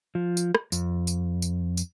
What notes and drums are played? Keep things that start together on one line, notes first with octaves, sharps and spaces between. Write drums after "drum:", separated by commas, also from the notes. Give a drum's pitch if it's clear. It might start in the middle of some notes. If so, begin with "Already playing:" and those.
F3
drum: tambourine
drum: rim click
F2, drum: tambourine
drum: tambourine
drum: tambourine
drum: tambourine